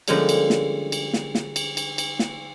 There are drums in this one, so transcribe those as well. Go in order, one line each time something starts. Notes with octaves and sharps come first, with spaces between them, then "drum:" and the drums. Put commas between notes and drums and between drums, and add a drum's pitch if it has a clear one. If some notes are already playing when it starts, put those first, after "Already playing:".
D3 F3 G3 G#3 A#3 C#4, drum: cymbal
drum: cymbal
drum: snare
drum: cymbal
drum: snare
drum: snare
drum: cymbal
drum: cymbal
drum: cymbal
drum: snare